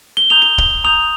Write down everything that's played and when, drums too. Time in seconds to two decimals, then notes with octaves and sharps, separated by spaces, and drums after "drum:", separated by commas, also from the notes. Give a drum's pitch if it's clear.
0.17 G7
0.30 A#5 D#6 G6 F7
0.42 G7
0.58 drum: kick
0.84 A#5 D#6 G6 F7